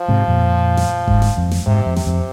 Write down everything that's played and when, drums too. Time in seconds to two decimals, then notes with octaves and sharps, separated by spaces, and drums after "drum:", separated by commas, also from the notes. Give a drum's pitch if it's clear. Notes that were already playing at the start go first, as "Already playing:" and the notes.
Already playing: F3
0.08 G#2 C3
0.28 F2 A#2
0.77 drum: snare
1.08 G#2, drum: kick F#1
1.22 drum: snare
1.37 F2
1.51 drum: snare
1.66 G#2 C3
1.86 F2
1.96 C3, drum: snare
2.06 F2